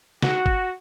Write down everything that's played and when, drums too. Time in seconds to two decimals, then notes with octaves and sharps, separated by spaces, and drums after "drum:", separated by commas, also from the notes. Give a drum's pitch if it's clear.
0.22 F#4, drum: snare
0.46 drum: kick